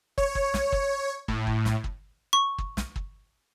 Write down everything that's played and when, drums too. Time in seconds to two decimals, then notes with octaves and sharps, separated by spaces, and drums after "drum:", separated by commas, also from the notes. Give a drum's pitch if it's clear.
0.18 C#5, drum: kick
0.35 drum: kick
0.54 drum: snare
0.72 drum: kick
1.28 A2, drum: kick
1.47 drum: kick
1.65 drum: snare
1.84 drum: kick
2.33 C#6
2.58 drum: kick
2.77 drum: snare
2.96 drum: kick